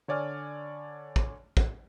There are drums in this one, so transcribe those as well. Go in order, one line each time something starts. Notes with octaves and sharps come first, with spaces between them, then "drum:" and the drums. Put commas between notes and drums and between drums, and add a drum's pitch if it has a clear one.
D3 C#5 D5 G#5 F6
drum: kick
drum: kick